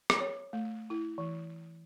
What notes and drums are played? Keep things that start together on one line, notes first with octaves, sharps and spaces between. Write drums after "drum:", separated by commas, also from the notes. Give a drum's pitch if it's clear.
drum: rim click
C#5
A3
E4
E3